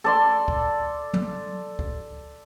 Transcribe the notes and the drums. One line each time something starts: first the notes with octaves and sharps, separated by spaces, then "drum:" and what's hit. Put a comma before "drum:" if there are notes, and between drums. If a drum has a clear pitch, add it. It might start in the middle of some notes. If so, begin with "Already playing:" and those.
A4 D5 C6
drum: kick C#2
drum: tom
drum: kick C#2